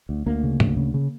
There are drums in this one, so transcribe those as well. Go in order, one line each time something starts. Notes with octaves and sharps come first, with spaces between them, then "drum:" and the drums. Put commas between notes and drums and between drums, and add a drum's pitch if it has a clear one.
D2
D2 A#3
C#3
D2, drum: tom G#2
C#3
C#3